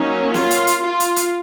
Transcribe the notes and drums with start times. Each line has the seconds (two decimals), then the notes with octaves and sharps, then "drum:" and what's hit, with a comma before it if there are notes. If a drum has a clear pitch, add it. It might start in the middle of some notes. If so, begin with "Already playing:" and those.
Already playing: F#3 A#3 C#4 D#4
0.34 F4, drum: snare
0.51 drum: hi-hat
0.67 drum: hi-hat
0.84 F4
1.00 drum: hi-hat
1.16 drum: hi-hat